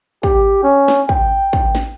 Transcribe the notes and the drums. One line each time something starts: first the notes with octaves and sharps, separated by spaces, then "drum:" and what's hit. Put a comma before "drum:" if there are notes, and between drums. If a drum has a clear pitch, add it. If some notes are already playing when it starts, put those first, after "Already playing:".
G4, drum: kick
C#4
drum: snare
G5, drum: kick
drum: kick
drum: snare